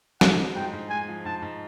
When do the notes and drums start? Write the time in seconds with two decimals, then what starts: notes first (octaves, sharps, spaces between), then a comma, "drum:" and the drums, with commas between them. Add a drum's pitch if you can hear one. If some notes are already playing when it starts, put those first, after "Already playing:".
0.21 G#3 F#5, drum: snare
0.38 F3
0.55 G#2 G5
0.73 G#2
0.90 G#3 G#5
1.08 F3
1.25 G#2 A5
1.42 G#2